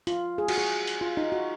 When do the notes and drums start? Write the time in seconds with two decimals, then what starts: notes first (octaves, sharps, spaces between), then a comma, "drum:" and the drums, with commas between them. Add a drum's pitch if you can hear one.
0.07 F4, drum: hi-hat
0.38 G#4
0.48 F#4, drum: cymbal
0.58 G#4
0.87 drum: hi-hat
1.01 F4
1.17 D#4
1.32 F#4